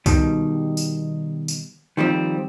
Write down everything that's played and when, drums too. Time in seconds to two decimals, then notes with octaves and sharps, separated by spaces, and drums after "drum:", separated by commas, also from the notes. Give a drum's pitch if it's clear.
0.06 B2 D#3 G3, drum: kick C2, tambourine
0.77 drum: tambourine
1.48 drum: tambourine
1.97 D#3 F3 G3 C4